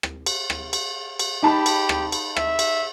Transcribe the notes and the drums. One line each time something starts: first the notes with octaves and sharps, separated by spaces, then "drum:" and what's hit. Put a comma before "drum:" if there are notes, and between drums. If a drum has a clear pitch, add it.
drum: rim click
drum: cymbal
drum: rim click
drum: cymbal
drum: cymbal
D#4 G4 A5 B5
drum: cymbal
drum: rim click
drum: cymbal
E5, drum: rim click
drum: cymbal